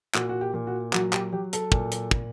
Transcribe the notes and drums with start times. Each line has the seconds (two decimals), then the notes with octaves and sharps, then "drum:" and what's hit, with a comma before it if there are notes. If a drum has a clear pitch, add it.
0.15 A#2 F#4, drum: clap
0.29 F#4
0.41 G4
0.54 A#2
0.67 F#4
0.93 F#3 F#4, drum: clap
1.13 G4, drum: clap
1.32 F#3 G4
1.53 A4, drum: hi-hat
1.72 A#2, drum: kick
1.92 drum: hi-hat
2.11 A#2, drum: kick